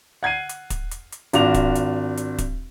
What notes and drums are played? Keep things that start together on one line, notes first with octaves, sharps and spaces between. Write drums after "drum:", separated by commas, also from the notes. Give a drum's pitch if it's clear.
F#5 G#6 C7 D#7
drum: hi-hat
drum: kick, hi-hat
drum: hi-hat
drum: hi-hat
G#1 D4 F4 F#4 D6 F7, drum: hi-hat
drum: kick, hi-hat
drum: hi-hat
drum: hi-hat
drum: kick, hi-hat